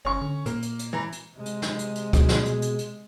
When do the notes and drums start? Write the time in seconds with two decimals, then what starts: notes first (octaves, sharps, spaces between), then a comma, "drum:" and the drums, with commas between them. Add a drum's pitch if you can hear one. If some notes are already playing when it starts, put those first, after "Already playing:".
0.05 G1 C#4 C#6
0.22 D3
0.46 A#2 A#3, drum: hi-hat
0.62 drum: hi-hat
0.79 drum: hi-hat
0.93 E3 A#5
1.12 drum: hi-hat
1.34 C3 G#3
1.45 drum: hi-hat
1.62 drum: snare
1.79 drum: hi-hat
1.95 drum: hi-hat
2.13 B2 G#4, drum: kick, hi-hat
2.29 drum: snare
2.45 drum: hi-hat
2.62 drum: hi-hat
2.78 drum: hi-hat